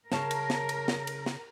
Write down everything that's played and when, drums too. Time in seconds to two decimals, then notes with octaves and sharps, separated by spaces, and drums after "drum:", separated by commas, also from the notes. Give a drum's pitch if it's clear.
0.12 C#3 A#4 C#5 A5, drum: snare
0.31 drum: cymbal
0.50 drum: snare
0.69 drum: cymbal
0.88 drum: snare
1.07 drum: cymbal
1.26 drum: snare